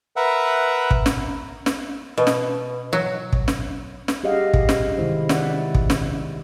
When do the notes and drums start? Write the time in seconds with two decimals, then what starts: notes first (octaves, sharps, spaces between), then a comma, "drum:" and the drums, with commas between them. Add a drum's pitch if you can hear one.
0.16 A#4 B4 E5 F#5
0.91 drum: kick
1.06 drum: snare
1.66 drum: snare
2.18 B2
2.27 drum: snare
2.93 F#3
3.33 drum: kick
3.48 drum: snare
4.08 drum: snare
4.23 G3 G4 G#4 D#5 F5 F#5
4.54 drum: kick
4.69 drum: snare
4.98 C3 D#3 G#3 E4 C5
5.29 E4 D5 E5 F#5, drum: snare
5.75 drum: kick
5.90 drum: snare